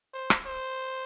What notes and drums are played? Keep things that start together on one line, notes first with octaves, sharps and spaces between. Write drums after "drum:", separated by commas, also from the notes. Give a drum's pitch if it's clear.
C5
drum: rim click
C5